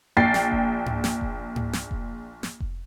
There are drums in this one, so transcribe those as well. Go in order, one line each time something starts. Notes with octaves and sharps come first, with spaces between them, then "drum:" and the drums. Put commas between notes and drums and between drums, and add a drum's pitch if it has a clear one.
A#1 G5 A6 C7
drum: snare
drum: kick F1
drum: tom G#2
drum: snare
drum: kick F1
drum: tom G#2
drum: snare
drum: kick F1
drum: snare
drum: kick F1